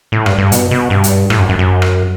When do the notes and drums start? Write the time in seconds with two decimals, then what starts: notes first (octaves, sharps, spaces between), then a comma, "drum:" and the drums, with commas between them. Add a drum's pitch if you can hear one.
0.12 A2
0.26 G2, drum: rim click
0.38 G2
0.52 B2, drum: hi-hat
0.71 B2
0.90 G2
1.04 drum: hi-hat
1.30 A2, drum: rim click
1.39 F#2
1.49 F#2
1.59 F#2
1.82 drum: rim click